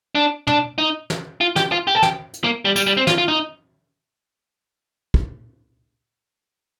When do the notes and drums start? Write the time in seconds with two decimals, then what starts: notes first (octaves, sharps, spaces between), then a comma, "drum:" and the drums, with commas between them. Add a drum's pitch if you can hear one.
0.15 D4
0.47 D4, drum: tom
0.78 D#4
1.10 drum: snare
1.41 F4
1.56 G4, drum: snare
1.72 F4
1.87 G4
1.95 A4
2.03 G4, drum: snare
2.33 drum: hi-hat
2.44 A#3
2.65 G3
2.76 G3, drum: tambourine
2.87 G3
2.97 C4
3.07 F4, drum: snare
3.18 F4
3.28 D#4
5.14 drum: kick